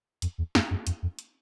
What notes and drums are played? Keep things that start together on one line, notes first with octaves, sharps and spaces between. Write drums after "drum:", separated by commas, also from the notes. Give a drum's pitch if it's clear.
F2, drum: hi-hat
E2
F#2, drum: snare
F#2
F2, drum: hi-hat
F2
drum: hi-hat